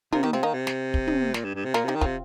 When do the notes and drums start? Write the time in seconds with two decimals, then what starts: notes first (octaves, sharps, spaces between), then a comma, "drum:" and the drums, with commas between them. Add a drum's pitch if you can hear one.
0.13 C3 F4 A#4, drum: tom
0.23 D#3 D#4 G4
0.33 C3 C4 F4
0.43 D#3 A#3 D#4
0.54 C3
0.67 drum: snare
0.94 drum: kick
1.07 drum: tom
1.34 A#2, drum: snare
1.44 G2
1.55 G2
1.65 C3
1.74 A#2 F4 A#4, drum: snare
1.84 C3 D#4 G4
1.95 D#3
2.01 C3 C4 F4, drum: kick